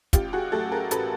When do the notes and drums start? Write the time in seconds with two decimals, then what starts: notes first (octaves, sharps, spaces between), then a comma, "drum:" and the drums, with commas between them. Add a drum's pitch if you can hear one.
0.13 A1 F4 G4, drum: kick, hi-hat
0.33 F#4 G#4
0.52 A2 F#3 A3 G4 A4
0.72 G#4 A#4
0.91 A1 A4 B4, drum: hi-hat